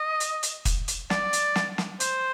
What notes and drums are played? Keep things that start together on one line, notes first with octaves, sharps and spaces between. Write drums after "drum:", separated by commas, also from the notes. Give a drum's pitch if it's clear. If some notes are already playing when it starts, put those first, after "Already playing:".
Already playing: D#5
drum: hi-hat
drum: hi-hat
drum: kick, hi-hat
drum: hi-hat
D5, drum: snare
drum: hi-hat
drum: snare
drum: snare
C5, drum: hi-hat